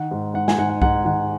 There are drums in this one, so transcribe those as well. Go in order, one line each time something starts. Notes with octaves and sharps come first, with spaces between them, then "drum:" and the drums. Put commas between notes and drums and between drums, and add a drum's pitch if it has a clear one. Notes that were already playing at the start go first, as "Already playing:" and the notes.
Already playing: D#3 F#5
G#2
G#2 F#5
G#5, drum: snare
G#2 F#5
F#5
G#2 F#5, drum: kick C2
D#3 F#5